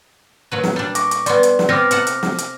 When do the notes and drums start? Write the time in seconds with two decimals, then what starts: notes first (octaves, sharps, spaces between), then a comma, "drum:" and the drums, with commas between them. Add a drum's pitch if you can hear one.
0.52 A#2 F#3 B4
0.64 drum: snare
0.76 G3 D4
0.95 C#6 D6 A#6, drum: hi-hat
1.11 drum: hi-hat
1.26 G3 B3 D5 C6, drum: hi-hat
1.43 drum: hi-hat
1.59 drum: snare
1.69 G3 B3 C4 D6 F6 A#6
1.91 C3 F#5 A5, drum: hi-hat
2.07 drum: hi-hat
2.23 drum: snare
2.38 drum: hi-hat